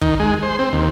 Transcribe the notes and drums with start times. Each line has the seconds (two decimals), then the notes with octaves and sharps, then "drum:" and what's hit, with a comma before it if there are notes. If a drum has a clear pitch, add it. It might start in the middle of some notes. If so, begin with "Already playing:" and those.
0.01 D#3, drum: kick
0.20 G#3
0.43 C5
0.59 C4
0.73 D#2